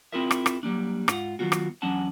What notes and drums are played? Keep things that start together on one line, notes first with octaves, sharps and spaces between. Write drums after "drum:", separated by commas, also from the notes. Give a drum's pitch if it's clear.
C4 E4 F4 G#4 A#4 E5
drum: rim click
drum: rim click
F#3 G3 A#3 D4
G#2 F4 F#5, drum: rim click
D#3 F#3 B3 F4 F#4
drum: rim click
E2 F#3 C#4 D4 F#5 A5